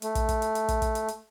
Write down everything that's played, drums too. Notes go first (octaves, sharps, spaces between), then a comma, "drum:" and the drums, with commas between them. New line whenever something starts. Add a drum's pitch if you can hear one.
A3, drum: hi-hat
drum: kick, hi-hat
drum: kick, hi-hat
drum: hi-hat
drum: hi-hat
drum: kick, hi-hat
drum: kick, hi-hat
drum: hi-hat
drum: hi-hat